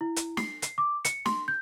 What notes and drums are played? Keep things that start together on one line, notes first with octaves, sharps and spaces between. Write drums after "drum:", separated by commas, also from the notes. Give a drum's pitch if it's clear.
E4
drum: hi-hat
C7, drum: snare
C7, drum: hi-hat
D6
C#7, drum: hi-hat
C6, drum: snare
G6